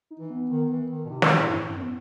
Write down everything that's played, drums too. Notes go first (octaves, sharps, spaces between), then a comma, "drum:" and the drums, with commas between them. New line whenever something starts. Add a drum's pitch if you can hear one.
D#4
E3
B3
D#3
E3
D#3
B2
C3 D#4
drum: snare
A2 E4
G2
A2
F#2 C4
B3